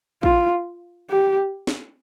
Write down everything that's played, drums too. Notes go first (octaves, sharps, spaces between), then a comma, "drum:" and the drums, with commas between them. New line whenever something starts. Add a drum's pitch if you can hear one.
F4, drum: kick
G4
drum: snare